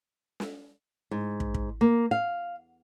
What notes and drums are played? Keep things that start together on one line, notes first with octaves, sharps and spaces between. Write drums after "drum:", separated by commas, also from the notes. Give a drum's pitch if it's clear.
drum: snare
G#2
drum: kick
drum: kick
A#3
F5